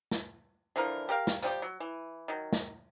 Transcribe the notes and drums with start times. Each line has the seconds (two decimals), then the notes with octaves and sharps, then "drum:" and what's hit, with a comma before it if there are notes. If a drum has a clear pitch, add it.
0.11 drum: snare
0.76 D3 E3 F3 A#4
1.09 G4 A#4 F5
1.27 drum: snare
1.42 F3 G3 F#4 G4, drum: tambourine
1.62 F#3
1.80 E3
2.28 D#3 F#3
2.52 drum: snare